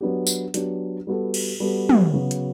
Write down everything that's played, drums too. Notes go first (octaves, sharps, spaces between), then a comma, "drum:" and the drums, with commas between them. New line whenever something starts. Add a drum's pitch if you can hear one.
F#3 B3 D4 G4
drum: tambourine
F#3 B3 D4 G4, drum: hi-hat
G3 B3 F#4 A4
drum: cymbal
G3 B3 F#4 A4
drum: tom
C#3 F#3 B3 F#4
drum: hi-hat